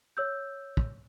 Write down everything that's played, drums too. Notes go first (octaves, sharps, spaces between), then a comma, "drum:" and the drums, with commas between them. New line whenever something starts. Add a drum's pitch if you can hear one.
C#5 E6 G6
drum: kick